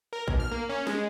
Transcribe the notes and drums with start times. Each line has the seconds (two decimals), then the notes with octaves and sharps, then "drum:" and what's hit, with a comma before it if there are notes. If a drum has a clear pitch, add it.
0.13 A#4
0.28 B1, drum: kick
0.40 F6
0.51 A#3
0.69 C#4
0.87 G#3, drum: snare